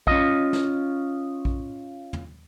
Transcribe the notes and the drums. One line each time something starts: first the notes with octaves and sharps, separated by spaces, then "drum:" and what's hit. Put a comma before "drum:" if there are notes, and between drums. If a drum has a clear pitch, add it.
C#4 F4 D#5, drum: kick A#1
drum: snare
drum: kick A#1
drum: tom